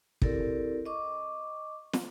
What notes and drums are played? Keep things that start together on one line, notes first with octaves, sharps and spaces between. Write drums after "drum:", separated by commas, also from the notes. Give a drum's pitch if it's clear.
C4 E4 G4 A4 A#4 D5, drum: kick
D#5 C#6 D6
drum: snare